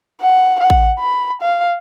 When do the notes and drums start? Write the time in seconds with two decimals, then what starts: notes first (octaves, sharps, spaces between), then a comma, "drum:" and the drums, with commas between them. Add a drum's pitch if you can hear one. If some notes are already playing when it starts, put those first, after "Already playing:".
0.21 F#5
0.60 F#5
0.70 drum: kick A1
1.00 B5
1.42 F5